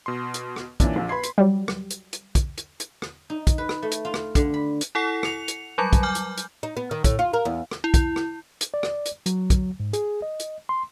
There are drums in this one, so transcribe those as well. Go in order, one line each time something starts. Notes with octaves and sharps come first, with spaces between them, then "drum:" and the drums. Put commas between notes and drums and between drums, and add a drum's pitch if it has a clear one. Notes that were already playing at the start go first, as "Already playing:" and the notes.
B2 C6
drum: hi-hat
drum: rim click
A#2 E3 C#4 D4, drum: kick, hi-hat
A#1
B4 B5 C6 G#6 C7
drum: hi-hat
F#3 G3
drum: rim click
drum: hi-hat
drum: hi-hat
drum: kick, hi-hat
drum: hi-hat
drum: hi-hat
drum: rim click
D#4
drum: kick, hi-hat
B4
drum: rim click
A3
drum: hi-hat
F4
drum: rim click
D3, drum: kick, hi-hat
B5
drum: hi-hat
E4 A4 F#5 C7
C#7 F7, drum: rim click
drum: hi-hat
F#3 G3 B5
drum: kick, hi-hat
G#5 D6 F6 G6
drum: hi-hat
drum: hi-hat
D#4
B3
D#3
A2, drum: kick, hi-hat
F4
A#4
E2
drum: rim click
E4
drum: kick, hi-hat
drum: rim click
drum: hi-hat
D5
drum: rim click
drum: hi-hat
F#3, drum: hi-hat
drum: kick, hi-hat
G#2
G#4, drum: hi-hat
D#5
drum: hi-hat
C6